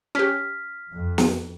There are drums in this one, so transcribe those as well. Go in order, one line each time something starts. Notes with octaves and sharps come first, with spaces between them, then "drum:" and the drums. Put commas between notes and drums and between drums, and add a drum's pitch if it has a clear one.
C#4 G4 F6 B6
F2
drum: snare